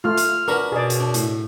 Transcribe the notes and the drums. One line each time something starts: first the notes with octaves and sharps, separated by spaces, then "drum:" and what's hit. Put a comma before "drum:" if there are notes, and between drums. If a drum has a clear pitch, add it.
A3 F4 F6
drum: hi-hat
D4 F#4 A#4 B4
F#2 B2 G#4 D5
drum: hi-hat
D4
A2, drum: hi-hat